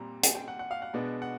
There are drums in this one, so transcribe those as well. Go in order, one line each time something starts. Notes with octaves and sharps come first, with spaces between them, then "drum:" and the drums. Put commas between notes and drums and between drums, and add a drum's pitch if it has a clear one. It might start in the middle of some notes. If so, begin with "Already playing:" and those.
Already playing: A#2 G3 C4 A#5
G#5, drum: hi-hat
G5
F#5
F#5
F5
F#5
B2 G#3 B3 D4
F#5